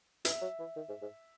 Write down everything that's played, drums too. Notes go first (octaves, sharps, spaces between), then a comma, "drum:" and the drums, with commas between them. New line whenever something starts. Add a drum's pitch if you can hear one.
E3 E5, drum: hi-hat
F#3
E3
D#3
G#2
G#2